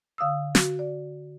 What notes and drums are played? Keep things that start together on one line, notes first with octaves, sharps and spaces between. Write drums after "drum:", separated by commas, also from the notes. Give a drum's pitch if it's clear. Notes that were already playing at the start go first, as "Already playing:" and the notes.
D3 F5 D#6 E6
F#4, drum: snare
D5